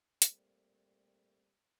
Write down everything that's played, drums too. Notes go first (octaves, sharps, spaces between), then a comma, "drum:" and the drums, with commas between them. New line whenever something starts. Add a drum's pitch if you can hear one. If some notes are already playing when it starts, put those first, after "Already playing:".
A#2 G3 A3 C4, drum: hi-hat